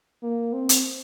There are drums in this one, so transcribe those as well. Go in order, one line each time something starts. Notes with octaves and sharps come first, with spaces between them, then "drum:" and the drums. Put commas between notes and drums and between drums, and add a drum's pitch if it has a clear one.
A#3
C4
drum: hi-hat